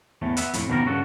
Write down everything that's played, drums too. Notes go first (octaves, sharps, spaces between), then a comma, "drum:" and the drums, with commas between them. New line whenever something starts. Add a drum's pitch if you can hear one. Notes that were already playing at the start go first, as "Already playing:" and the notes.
E2 A2 A3
B3 E5, drum: hi-hat
F2 A2, drum: hi-hat
B2 D#3 F3 G3 G4 A#4
G2 C#3 F#4 A4